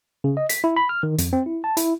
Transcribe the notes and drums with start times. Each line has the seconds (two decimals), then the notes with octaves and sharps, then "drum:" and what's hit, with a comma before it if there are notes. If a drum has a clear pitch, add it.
0.24 C#3
0.37 D#5
0.49 B6, drum: hi-hat
0.64 E4
0.76 B5
0.89 F6
1.03 D#3
1.18 F2, drum: hi-hat
1.33 C4
1.46 E4
1.64 A5
1.77 E4, drum: hi-hat